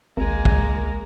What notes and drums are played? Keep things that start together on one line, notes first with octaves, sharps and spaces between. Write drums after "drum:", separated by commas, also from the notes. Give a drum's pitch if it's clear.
G#1 C#2 G#3 A#3 A#4 G#5
drum: kick